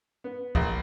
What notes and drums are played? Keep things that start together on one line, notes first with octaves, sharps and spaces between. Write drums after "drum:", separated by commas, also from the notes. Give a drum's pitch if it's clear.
B3
A#1, drum: kick